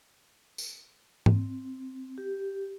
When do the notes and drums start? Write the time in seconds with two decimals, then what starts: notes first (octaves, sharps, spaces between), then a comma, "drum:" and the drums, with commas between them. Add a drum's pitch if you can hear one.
0.58 drum: tambourine
1.26 C4, drum: tom G#2
2.18 G4